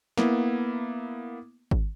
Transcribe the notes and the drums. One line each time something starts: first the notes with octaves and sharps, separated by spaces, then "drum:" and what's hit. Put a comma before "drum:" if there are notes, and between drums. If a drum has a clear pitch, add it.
A#3 B3 E4, drum: snare
drum: kick G#1